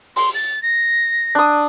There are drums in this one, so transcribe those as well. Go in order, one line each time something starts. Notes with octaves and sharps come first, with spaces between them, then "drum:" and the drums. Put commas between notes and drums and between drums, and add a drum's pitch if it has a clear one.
C6, drum: open hi-hat
A6
A#6
D4 D#6